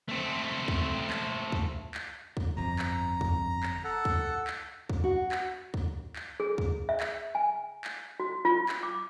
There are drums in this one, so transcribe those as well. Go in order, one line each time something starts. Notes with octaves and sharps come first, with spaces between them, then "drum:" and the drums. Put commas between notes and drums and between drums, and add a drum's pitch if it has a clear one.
A3 C4
drum: kick
drum: clap
drum: kick
drum: clap
drum: kick
G1 F2 A#5
drum: clap
drum: kick
drum: clap
A4 F#5
drum: kick
drum: clap
drum: kick
F#4
drum: clap
drum: kick
drum: clap
G#4
drum: kick
E5
drum: clap
G#5
drum: clap
F#4
F4
drum: clap
D6